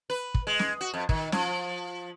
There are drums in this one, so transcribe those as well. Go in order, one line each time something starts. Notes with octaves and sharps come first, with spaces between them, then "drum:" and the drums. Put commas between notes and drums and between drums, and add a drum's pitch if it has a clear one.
B4
drum: kick
G#3
drum: snare
F#4
F2
D#3, drum: kick
F3, drum: snare